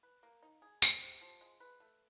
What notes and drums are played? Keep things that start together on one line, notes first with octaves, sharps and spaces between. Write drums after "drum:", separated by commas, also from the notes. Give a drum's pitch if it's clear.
B4
A#3
D#4
G#4
C3, drum: tambourine
C3
F3
G#3
B4
A3